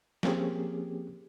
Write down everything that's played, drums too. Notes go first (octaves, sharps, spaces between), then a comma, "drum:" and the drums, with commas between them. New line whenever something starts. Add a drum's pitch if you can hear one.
F3 A#3 C4 C#4 G4 G#4, drum: snare